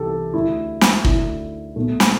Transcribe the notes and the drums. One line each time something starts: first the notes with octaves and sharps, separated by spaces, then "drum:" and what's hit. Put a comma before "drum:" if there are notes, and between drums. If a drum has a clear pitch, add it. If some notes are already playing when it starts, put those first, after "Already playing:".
Already playing: C2 C3 E3 G4 A4
D2 D3 E4
drum: snare
D2 D3 E4, drum: kick
B1 B2 A3
drum: snare